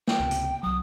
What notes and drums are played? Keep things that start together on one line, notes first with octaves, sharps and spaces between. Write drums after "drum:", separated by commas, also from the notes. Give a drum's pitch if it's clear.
G5, drum: snare
C#2 C3
drum: hi-hat
C2 F#3 D#6